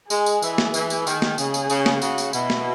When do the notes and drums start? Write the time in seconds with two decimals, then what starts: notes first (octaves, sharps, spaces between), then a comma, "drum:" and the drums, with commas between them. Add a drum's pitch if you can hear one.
0.10 G#3 G#4, drum: tambourine
0.26 drum: tambourine
0.42 E3, drum: tambourine
0.58 drum: snare
0.74 E3, drum: tambourine
0.90 drum: tambourine
1.07 D#3, drum: tambourine
1.22 drum: snare
1.38 C#3 G#4, drum: tambourine
1.54 drum: tambourine
1.70 C#3, drum: tambourine
1.86 drum: snare
2.02 C#3 F#4, drum: tambourine
2.18 drum: tambourine
2.33 B2 E4, drum: tambourine
2.50 drum: snare